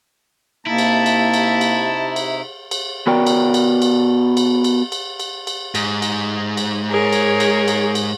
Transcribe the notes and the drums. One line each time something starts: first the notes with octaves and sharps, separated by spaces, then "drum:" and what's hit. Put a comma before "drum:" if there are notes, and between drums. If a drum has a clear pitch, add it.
C3 A#3 D#4 E4 A5
drum: cymbal
drum: cymbal
drum: cymbal
drum: cymbal
drum: cymbal
drum: cymbal
B3 F#4 A#4 C#5 D5 G5
drum: cymbal
drum: cymbal
drum: cymbal
drum: cymbal
drum: cymbal
drum: cymbal
drum: cymbal
drum: cymbal
G#2, drum: cymbal
drum: cymbal
drum: cymbal
G#4 A#4 C#5
drum: cymbal
drum: cymbal
drum: cymbal
drum: cymbal